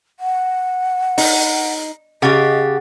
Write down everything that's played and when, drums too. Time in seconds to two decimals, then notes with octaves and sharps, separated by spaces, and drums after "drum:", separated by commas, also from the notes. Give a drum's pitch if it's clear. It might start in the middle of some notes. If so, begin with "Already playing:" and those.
0.20 F#5
1.18 D#4, drum: open hi-hat
2.22 C#3 G4 G#4 D#5 F#5 A6